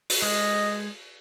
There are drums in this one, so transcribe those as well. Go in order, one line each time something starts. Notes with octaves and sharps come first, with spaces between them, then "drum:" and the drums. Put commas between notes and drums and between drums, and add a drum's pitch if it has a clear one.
drum: open hi-hat
G#3 D#5